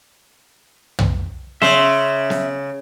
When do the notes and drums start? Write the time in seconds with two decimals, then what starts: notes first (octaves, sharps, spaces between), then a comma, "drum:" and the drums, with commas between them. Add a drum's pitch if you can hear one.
0.99 drum: tom
1.62 C#3 E5 C6, drum: snare
2.30 drum: snare